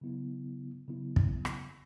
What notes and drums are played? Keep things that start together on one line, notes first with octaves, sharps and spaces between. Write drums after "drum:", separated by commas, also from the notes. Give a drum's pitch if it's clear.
C#3 F#3 B3 E4
C#3 F#3 B3 E4
drum: kick
drum: rim click